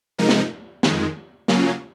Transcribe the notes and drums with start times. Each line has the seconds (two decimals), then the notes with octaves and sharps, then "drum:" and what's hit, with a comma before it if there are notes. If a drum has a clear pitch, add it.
0.18 C3 F3 G#3 D#4 A#4
0.29 drum: snare
0.83 F2 D#3 G#3, drum: snare
1.48 C#3 F#3 A#3 C#4 F4, drum: snare